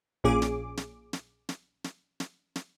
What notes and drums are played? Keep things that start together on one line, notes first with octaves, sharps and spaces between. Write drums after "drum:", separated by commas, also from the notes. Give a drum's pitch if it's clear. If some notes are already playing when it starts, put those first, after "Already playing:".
A#1 A#2 C#4 G#4 D6
drum: snare
drum: snare
drum: snare
drum: snare
drum: snare
drum: snare
drum: snare